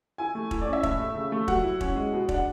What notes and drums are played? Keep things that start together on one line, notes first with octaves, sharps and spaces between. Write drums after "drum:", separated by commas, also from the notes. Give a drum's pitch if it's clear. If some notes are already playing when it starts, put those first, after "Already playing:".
E4 G#5
A3
E4, drum: kick
D5
C#4
E5
A2 E5, drum: kick
A3
C#3
A3
F#3 F#5, drum: kick
E4
C#4, drum: kick
G#3
B2
D4, drum: kick
F#5